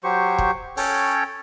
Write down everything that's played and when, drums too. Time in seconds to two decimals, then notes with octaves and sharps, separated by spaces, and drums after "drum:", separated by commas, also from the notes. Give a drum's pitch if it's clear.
0.04 F#3 G4 C5 C#6
0.38 drum: kick
0.77 C#4 A4 C#5 G5, drum: open hi-hat